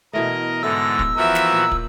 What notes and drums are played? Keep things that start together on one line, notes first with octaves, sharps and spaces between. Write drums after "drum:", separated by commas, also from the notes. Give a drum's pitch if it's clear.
B2 E3 A3 A#4 D#5
G#2 D3 E4 A4 E6 A#6
drum: kick
E3 F3 F#4 A#4 E5
drum: snare
A#2 F#5
drum: kick